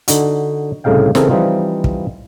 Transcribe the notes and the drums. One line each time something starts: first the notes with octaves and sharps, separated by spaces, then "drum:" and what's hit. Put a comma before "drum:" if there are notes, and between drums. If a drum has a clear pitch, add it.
D3 D#4 F#4, drum: hi-hat
C2 A2 C#3 D#4 F5 G5
C#3 E3 C4 D#4 A4 A#4, drum: snare
E3 F3 G3 C4 D#4 F4
drum: kick